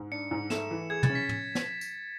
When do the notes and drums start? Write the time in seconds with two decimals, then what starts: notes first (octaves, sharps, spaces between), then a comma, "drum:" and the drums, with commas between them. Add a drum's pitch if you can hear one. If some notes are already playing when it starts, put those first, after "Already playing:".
Already playing: G#2
0.12 D4 C#7
0.31 G#2
0.50 A3 E7, drum: snare
0.71 E3
0.90 G#4 G#6
1.03 A6, drum: tom
1.10 C#4
1.15 B6
1.29 drum: tom
1.55 drum: snare
1.81 drum: tambourine